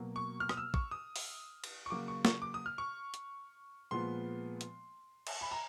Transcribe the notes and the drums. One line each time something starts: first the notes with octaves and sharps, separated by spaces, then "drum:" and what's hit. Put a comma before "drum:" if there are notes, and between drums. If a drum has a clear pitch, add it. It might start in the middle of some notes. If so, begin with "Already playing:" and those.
Already playing: B2 F#3 A#3
C#6
F6
D#6, drum: rim click
E6
C#6, drum: kick
D#6
drum: open hi-hat
drum: cymbal
C#6
C#3 F#3 A#3 D6
C#6
C#6, drum: snare
D6
D#6
F6
C#6
drum: hi-hat
A#2 F3 G#3 B3 C6
drum: hi-hat
drum: cymbal
B5
A#5